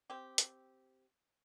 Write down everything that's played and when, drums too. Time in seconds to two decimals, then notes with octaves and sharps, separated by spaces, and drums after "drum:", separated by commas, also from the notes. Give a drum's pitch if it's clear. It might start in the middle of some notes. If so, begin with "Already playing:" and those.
0.10 C4 G4
0.38 drum: hi-hat